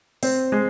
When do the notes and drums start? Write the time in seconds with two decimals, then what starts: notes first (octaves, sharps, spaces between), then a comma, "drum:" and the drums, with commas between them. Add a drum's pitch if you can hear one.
0.23 C4, drum: open hi-hat
0.52 G#3